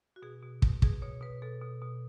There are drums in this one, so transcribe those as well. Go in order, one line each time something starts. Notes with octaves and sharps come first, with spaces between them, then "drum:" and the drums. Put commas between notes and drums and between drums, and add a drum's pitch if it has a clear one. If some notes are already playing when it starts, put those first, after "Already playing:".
F#4
B2 G#4
B2
B2, drum: kick
B2 G#4, drum: kick
B2 C#5
B2 B4
B2 A4
B2
B2